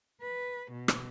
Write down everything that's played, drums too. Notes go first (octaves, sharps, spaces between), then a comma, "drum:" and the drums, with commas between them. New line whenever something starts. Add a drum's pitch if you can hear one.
B4
B2
drum: rim click